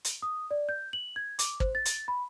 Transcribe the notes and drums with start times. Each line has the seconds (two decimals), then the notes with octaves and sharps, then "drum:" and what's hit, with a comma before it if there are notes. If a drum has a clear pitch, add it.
0.05 drum: hi-hat
0.22 D#6
0.51 D5
0.69 G6
0.93 F#7
1.16 G#6
1.39 D6, drum: hi-hat
1.60 C5, drum: kick
1.75 A6
1.85 drum: hi-hat
2.08 B5